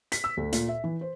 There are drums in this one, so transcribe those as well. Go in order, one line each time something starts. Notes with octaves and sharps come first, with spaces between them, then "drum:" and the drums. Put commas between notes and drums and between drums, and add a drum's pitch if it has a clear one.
B6, drum: hi-hat
E6
D2
A#2, drum: hi-hat
E5
E3
C5